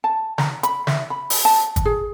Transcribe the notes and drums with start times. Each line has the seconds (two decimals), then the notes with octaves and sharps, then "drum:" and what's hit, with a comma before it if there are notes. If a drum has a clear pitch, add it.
0.04 A5
0.38 A#5, drum: snare
0.63 B5, drum: hi-hat
0.87 E5, drum: snare
1.10 B5
1.30 drum: open hi-hat
1.45 A5
1.76 drum: kick, hi-hat
1.85 G#4